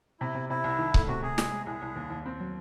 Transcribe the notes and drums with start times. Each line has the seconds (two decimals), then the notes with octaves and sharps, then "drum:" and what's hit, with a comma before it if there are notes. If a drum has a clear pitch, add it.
0.20 C3 E4
0.35 C3
0.49 C3 E4
0.64 C2
0.79 D#3
0.94 A3, drum: kick C#1
1.08 C3 F#4
1.22 C3 G#4
1.38 G#3, drum: snare
1.52 G#3
1.66 C2 G#4
1.82 C2
1.96 D#2
2.10 D#2
2.26 C4
2.40 F#3